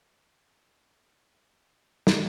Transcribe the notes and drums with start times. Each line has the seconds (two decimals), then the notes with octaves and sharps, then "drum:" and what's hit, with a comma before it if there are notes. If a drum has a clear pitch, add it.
0.48 E4 G4 F5 F#5 B5
1.05 D#2 B2
1.66 E2 A2 D#3 A4 D5 F#6
2.07 drum: snare